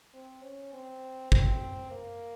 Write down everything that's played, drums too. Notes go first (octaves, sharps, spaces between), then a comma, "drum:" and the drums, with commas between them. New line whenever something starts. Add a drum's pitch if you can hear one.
C4
C#4
C4
C4, drum: kick
A#3